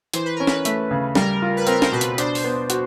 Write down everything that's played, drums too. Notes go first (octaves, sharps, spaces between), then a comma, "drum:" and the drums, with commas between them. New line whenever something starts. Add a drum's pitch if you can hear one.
E3 C5, drum: hi-hat
B4
C#4 A#4
B4, drum: snare
A3, drum: hi-hat
C#3
G3 A#4, drum: snare
F4
B4
C4 A#4, drum: hi-hat
C5, drum: snare
B2 B4
drum: hi-hat
D4 C5, drum: hi-hat
drum: open hi-hat
B3
F#4, drum: hi-hat